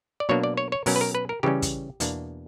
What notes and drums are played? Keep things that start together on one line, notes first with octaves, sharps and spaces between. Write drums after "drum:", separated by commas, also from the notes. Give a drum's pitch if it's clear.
D5
B2 F#3 A#3 D4 C#5
D5
C#5
C#5
B2 F#3 C#4 A#4, drum: open hi-hat
B4
A#4
B4
A#4
C#3 E3 G3 C#4 G4
drum: kick, hi-hat
E2 B2 A#3 D4, drum: hi-hat